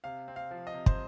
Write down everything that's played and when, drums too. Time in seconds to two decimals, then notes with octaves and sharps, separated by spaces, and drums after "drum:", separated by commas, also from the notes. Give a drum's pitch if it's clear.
0.04 C3 F5
0.28 C4
0.36 F5
0.51 F3
0.67 D#5
0.74 C3
0.86 C5, drum: kick